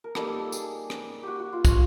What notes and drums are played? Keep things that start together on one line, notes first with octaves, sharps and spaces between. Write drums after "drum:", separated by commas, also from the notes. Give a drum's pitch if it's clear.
A#4
G3 A#3 D#4 A4, drum: rim click
A4
A4
G#4, drum: tambourine
drum: rim click
F#4 G4
F#4
F4
G#3 C#4 F4, drum: kick, tambourine